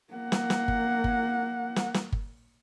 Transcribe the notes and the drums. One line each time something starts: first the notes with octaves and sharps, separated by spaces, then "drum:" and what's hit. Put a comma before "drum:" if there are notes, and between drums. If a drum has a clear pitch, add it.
A#3 F#5
drum: snare
drum: snare
drum: kick G1
drum: kick G1
drum: snare
drum: snare
drum: kick G1